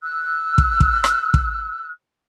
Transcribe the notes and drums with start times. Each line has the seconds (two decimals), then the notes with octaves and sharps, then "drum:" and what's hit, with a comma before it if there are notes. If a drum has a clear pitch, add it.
0.02 E6 F#6
0.58 drum: kick
0.80 drum: kick
1.04 drum: rim click
1.34 drum: kick